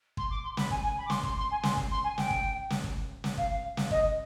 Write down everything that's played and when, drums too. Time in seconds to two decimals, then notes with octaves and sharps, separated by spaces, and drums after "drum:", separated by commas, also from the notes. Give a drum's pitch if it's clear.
0.17 C6, drum: kick
0.30 D6
0.43 C6
0.57 B5, drum: snare
0.70 G#5, drum: kick
0.84 G#5
0.97 B5
1.06 D6
1.10 C6, drum: snare
1.23 C6, drum: kick
1.37 C6
1.51 G#5
1.63 C6, drum: snare
1.77 drum: kick
1.91 C6
2.03 G#5
2.18 G5, drum: snare
2.30 drum: kick
2.70 drum: snare
2.84 drum: kick
3.24 drum: snare
3.37 F5, drum: kick
3.77 drum: snare
3.91 D#5, drum: kick